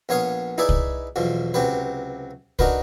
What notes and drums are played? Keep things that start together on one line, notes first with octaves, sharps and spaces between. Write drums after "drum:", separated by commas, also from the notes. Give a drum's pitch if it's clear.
A#1 B3 C#5 F5 D#6
D#4 E4 G#4 B4 D5 E5
drum: kick C2
B1 E2 B2 F3
C#2 C3 F#3 G4 B4
D4 D#4 F#4 A#4 B4, drum: kick C2